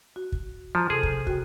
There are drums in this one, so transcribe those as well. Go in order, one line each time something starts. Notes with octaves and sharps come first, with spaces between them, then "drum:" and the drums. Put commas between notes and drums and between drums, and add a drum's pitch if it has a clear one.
F#4
drum: kick
F3 A#5
C3 G#4 A4
drum: kick
F#4 G5, drum: kick